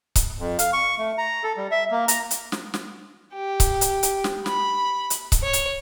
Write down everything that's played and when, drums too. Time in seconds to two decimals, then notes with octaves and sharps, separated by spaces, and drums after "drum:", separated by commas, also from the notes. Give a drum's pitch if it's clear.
0.15 drum: kick C#1, hi-hat
0.39 F2
0.59 F5, drum: hi-hat
0.73 C#6
0.98 A3
1.18 A#5
1.43 A4
1.57 G3
1.71 E5
1.91 A#3
2.08 A#5, drum: hi-hat
2.31 drum: hi-hat
2.52 drum: snare
2.74 drum: snare
3.34 G4
3.60 drum: kick C#1, hi-hat
3.81 drum: hi-hat
4.03 drum: hi-hat
4.24 drum: snare
4.46 B5, drum: snare
5.10 drum: hi-hat
5.32 drum: kick C#1, hi-hat
5.43 C#5
5.53 drum: hi-hat